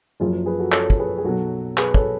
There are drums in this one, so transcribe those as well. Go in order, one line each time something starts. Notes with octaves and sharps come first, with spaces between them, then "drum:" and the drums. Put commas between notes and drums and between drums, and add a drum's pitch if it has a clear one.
F#1 F#2 F3 F4 G#4
G#4 B4
F#4 A4
A4 C#5, drum: clap
drum: kick
G#4 B4
G#4
B1 B2 F#3 F#4 A4
G#4 B4, drum: clap
A4 C#5, drum: kick